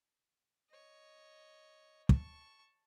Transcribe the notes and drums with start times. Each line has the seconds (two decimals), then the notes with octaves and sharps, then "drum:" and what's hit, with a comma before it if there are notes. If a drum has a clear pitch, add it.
0.69 C#5 D#5
2.09 A5 C#6, drum: kick